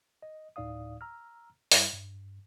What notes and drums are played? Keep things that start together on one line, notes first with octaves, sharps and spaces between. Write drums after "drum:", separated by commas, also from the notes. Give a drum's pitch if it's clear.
D#5
D2 A2 D#4 D5 F5 D#6
A#5 E6 F6
G2 G3 E4 D#5, drum: open hi-hat
G2